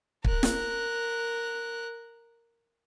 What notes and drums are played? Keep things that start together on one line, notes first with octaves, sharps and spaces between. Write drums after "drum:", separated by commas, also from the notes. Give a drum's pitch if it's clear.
A#4 F#6, drum: kick
drum: snare